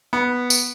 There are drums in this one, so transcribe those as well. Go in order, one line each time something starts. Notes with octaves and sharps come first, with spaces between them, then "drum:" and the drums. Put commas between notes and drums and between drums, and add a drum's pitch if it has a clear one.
B3
drum: tambourine